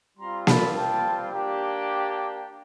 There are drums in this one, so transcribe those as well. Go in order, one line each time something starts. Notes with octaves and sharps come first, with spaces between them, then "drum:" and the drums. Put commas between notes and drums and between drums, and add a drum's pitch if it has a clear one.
G3 C4 F4 A#5 C6
A5 B5, drum: snare A#3
G5 A5
A#3 D4 G4